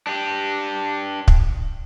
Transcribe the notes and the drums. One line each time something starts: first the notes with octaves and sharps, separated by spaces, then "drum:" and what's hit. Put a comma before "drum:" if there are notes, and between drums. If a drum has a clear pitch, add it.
D4 G4
drum: kick